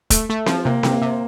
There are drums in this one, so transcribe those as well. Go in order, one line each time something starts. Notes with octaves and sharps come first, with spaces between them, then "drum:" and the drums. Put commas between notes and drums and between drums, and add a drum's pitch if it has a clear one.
A3, drum: kick, hi-hat
A3
F3, drum: snare C4
C3 A#3
C3, drum: snare C4
A#3
C3